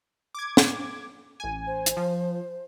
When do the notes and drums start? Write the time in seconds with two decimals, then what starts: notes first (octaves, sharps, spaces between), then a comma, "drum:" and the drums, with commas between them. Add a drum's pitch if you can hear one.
0.35 D6 G#6
0.57 drum: snare
1.40 A1 G#5
1.67 C5
1.86 drum: hi-hat
1.97 F3